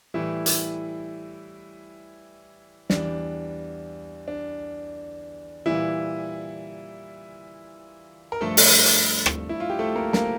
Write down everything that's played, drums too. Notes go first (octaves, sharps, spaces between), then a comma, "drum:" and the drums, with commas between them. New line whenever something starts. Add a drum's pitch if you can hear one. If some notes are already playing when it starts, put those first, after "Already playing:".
A2 E3 G3 E4
drum: hi-hat
E2 E3 G3 D4, drum: snare
D4
A#2 E3 G3 E4
A#4
G2 F3 A3 A4
drum: open hi-hat
drum: hi-hat
drum: rim click
E4
F4
G4
A3 A4
A#3 A#4
A#3 A#4, drum: snare